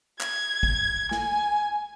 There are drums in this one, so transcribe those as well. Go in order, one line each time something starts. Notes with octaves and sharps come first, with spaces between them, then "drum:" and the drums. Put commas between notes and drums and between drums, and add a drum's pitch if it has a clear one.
G#6, drum: clap
drum: kick
G#5, drum: snare